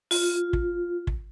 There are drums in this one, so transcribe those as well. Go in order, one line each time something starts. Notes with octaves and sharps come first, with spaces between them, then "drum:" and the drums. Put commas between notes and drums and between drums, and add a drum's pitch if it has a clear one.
F4, drum: open hi-hat
drum: kick
drum: kick